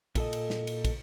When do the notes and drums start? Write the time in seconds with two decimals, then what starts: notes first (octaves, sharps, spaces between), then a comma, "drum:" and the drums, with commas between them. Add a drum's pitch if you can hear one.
0.15 A#2 A4 D#5, drum: kick, cymbal
0.33 drum: cymbal
0.50 drum: snare
0.67 drum: cymbal
0.85 drum: kick, cymbal